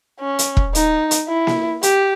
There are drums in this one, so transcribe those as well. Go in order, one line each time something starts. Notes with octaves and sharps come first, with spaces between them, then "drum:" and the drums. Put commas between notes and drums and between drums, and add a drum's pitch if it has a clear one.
C#4
drum: hi-hat
drum: kick E1
D#4, drum: hi-hat
drum: hi-hat
E4
drum: snare A#3
G4, drum: hi-hat